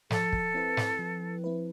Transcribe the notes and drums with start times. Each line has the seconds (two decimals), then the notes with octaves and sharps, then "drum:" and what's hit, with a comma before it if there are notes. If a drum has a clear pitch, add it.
0.10 F3 A4, drum: snare
0.33 drum: kick
0.54 C4 E4 B4
0.77 drum: snare
0.99 F3
1.44 C4 E4 B4